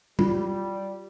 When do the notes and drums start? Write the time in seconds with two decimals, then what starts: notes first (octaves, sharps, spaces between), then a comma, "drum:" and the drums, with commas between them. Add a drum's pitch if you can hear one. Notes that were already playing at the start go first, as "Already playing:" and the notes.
0.19 G3 F4, drum: tom